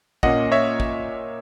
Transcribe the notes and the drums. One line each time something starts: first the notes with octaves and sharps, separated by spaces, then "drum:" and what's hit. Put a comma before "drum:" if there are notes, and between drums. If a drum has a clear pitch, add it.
A#2 A#3 C#4 D#5 F#5, drum: kick
C#5 E5
drum: kick